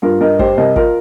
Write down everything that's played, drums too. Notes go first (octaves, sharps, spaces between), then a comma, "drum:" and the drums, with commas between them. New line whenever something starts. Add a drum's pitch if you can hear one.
G2 F4 A#4
G2 A#4 D#5
G3 G4 C5, drum: kick
C2 A#4 D#5
F4 A#4, drum: kick